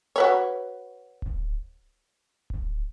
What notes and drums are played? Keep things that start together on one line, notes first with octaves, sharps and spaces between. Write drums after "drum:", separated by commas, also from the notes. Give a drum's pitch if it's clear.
F#4 B4 C#5
drum: kick D1
drum: kick D1